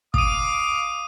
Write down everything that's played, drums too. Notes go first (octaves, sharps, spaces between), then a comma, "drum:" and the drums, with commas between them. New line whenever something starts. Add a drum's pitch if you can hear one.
F5 D6 D#6 D#7, drum: kick